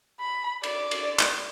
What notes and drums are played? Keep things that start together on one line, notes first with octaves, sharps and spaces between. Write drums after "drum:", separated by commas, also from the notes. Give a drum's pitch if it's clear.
B5
D5, drum: cymbal
drum: cymbal
drum: clap